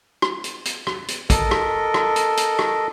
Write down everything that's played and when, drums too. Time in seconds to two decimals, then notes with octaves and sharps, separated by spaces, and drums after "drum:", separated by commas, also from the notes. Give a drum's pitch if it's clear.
0.22 drum: rim click
0.44 drum: hi-hat
0.65 drum: hi-hat
0.87 drum: rim click
1.08 drum: hi-hat
1.30 A4 A#4 D#5, drum: kick, hi-hat
1.51 drum: rim click
1.94 drum: rim click
2.16 drum: hi-hat
2.37 drum: hi-hat
2.59 drum: rim click